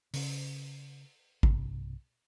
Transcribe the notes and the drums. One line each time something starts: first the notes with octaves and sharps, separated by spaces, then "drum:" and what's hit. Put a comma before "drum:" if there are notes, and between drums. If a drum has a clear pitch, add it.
C#3 C#4, drum: open hi-hat
B1 G2 C3, drum: kick G#1